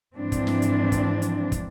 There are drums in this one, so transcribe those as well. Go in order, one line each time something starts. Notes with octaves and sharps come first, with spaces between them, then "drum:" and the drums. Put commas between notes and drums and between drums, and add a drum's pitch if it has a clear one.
G#2 E3 F3 C4 D4
drum: kick, hi-hat
drum: snare
drum: hi-hat
drum: kick, hi-hat
drum: hi-hat
drum: kick, hi-hat